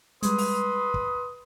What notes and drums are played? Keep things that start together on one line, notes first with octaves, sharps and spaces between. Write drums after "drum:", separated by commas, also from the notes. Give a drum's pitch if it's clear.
G3 G#3 B4 C6 D#6, drum: hi-hat
drum: open hi-hat
drum: kick